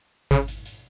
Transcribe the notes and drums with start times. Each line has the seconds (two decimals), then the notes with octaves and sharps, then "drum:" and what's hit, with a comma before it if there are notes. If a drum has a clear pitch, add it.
0.31 C#3, drum: kick G#1, hi-hat
0.48 drum: hi-hat
0.65 drum: hi-hat